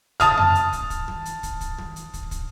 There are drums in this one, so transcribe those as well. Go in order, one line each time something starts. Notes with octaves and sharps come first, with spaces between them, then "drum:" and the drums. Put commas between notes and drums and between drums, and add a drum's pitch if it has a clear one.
A5 D#6 F6, drum: kick, hi-hat
drum: tom F2
drum: hi-hat
drum: kick, hi-hat
drum: kick, hi-hat
drum: tom
drum: hi-hat
drum: kick, hi-hat
drum: kick, hi-hat
drum: tom
drum: hi-hat
drum: kick, hi-hat
drum: kick, hi-hat